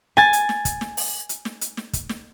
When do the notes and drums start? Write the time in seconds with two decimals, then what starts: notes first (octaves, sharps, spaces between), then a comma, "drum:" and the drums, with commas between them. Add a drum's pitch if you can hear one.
0.17 G#5 A6, drum: snare
0.33 drum: hi-hat
0.49 drum: snare
0.65 drum: kick, hi-hat
0.81 drum: snare
0.97 drum: open hi-hat
1.29 drum: hi-hat
1.45 drum: snare
1.61 drum: hi-hat
1.77 drum: snare
1.93 drum: kick, hi-hat
2.09 drum: snare